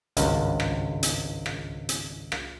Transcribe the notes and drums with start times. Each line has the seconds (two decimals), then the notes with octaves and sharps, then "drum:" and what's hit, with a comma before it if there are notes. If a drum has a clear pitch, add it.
0.17 G#1 C#2 G2, drum: hi-hat
0.60 drum: rim click
1.03 drum: hi-hat
1.46 drum: rim click
1.89 drum: hi-hat
2.32 drum: rim click